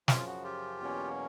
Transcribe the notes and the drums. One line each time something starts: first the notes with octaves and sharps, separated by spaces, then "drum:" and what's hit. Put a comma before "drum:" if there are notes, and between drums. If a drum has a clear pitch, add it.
F#2 C#3 F3 F4, drum: snare
F#4
F4 G4
E2 B2 F#3 A#3 C#4